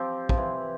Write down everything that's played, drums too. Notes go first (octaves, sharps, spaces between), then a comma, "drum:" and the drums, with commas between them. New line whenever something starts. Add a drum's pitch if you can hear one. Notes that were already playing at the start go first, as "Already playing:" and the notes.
Already playing: F3 C4 G4
F3, drum: kick A#1
E3